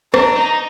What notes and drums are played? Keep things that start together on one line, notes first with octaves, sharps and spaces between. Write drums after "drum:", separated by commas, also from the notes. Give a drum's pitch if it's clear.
D4 A#5, drum: rim click
D#4